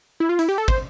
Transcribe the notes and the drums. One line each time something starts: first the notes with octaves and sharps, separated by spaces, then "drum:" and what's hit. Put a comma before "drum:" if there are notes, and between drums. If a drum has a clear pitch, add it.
E4
F4
E4, drum: hi-hat
G4
A4
C5, drum: kick